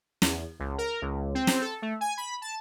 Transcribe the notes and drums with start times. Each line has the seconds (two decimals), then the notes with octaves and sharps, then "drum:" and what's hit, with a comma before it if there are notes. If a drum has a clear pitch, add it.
0.22 E2, drum: snare
0.60 C#2
0.78 A#4
1.02 C#2
1.35 C4
1.47 drum: snare
1.61 A4
1.82 A3
2.01 G#5
2.18 B5
2.42 A5